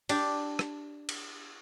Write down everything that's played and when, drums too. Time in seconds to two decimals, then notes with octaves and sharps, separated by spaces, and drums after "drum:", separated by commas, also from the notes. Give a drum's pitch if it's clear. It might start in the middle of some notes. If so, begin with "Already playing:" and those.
0.09 D4 G4, drum: cymbal
0.59 drum: rim click
1.09 drum: cymbal